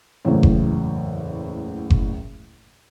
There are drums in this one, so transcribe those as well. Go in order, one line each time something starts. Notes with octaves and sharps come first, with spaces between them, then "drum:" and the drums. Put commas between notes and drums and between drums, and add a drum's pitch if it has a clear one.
F#1 E2 A2
drum: kick F#1
drum: kick F#1